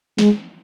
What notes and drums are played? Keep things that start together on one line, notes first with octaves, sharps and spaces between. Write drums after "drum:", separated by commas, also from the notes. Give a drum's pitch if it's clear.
G#3, drum: snare